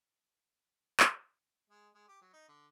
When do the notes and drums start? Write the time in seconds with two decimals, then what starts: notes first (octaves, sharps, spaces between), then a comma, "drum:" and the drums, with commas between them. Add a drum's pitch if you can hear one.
1.00 drum: clap
1.70 G#3
1.94 G#3
2.08 G4
2.22 F#3
2.33 D#4
2.48 D3